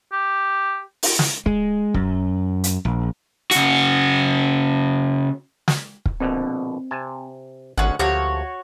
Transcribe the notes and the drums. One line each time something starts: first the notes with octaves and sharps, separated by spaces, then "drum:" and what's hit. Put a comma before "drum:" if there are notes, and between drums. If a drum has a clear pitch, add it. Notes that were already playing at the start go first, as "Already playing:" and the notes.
G4
drum: open hi-hat
drum: snare
G#3, drum: kick
F#2, drum: kick
drum: hi-hat
A#1
C#3 F#4, drum: hi-hat
drum: snare
drum: kick
A#1 B2 D3 C4
C3 G#5 A5
G#1 D2 C#4 G#4 F#5
D2 F3 A3 A#3 F#4 G4 C#5